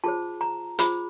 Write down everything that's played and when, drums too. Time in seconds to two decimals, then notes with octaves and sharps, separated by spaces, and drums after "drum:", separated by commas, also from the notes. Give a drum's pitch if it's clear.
0.04 F4 G#4 C5 A5
0.41 A#5
0.79 F4 G#4 C5 B5, drum: hi-hat